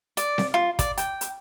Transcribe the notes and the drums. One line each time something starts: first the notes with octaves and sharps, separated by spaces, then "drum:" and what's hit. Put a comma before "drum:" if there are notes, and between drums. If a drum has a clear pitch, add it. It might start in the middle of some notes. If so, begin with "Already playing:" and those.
D5, drum: hi-hat
drum: snare C4
F4
D5, drum: kick, hi-hat
G5, drum: hi-hat
drum: hi-hat